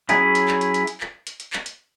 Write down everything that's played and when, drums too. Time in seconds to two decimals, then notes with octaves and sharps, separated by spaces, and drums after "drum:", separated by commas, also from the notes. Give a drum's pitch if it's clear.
0.09 F#3 C#4 E4 G#4, drum: hi-hat
0.35 drum: hi-hat
0.48 drum: clap
0.61 drum: hi-hat
0.74 drum: hi-hat
0.87 drum: hi-hat
1.00 drum: clap
1.27 drum: hi-hat
1.40 drum: hi-hat
1.53 drum: clap
1.66 drum: hi-hat